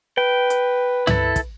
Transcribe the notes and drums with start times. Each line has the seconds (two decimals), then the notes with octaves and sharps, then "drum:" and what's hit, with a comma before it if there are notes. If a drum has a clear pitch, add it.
0.18 B4 G5
0.50 drum: hi-hat
1.07 E4 A4, drum: tom
1.36 drum: kick, hi-hat